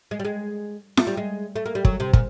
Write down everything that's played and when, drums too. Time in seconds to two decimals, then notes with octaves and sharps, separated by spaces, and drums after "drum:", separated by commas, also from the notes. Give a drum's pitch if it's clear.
0.11 G#3
0.19 G3
0.25 G#3
0.97 A3, drum: snare F4
1.07 G3
1.17 G#3
1.56 A3
1.66 A#3
1.75 G3
1.85 F#3, drum: kick
2.00 C3
2.13 A#2, drum: kick